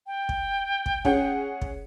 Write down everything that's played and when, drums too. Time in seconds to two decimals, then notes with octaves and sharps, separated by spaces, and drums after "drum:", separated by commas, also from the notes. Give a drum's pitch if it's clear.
0.07 G5
0.29 drum: kick
0.86 drum: kick
1.05 C#4 G#4 F#5, drum: kick
1.62 drum: kick